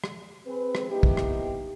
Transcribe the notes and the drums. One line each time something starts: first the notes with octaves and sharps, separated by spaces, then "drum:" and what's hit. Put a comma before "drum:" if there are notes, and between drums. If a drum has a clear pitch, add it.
drum: rim click
C4 G#4 B4
drum: rim click
A#3 B3 D#4 E4 G4
drum: kick
drum: rim click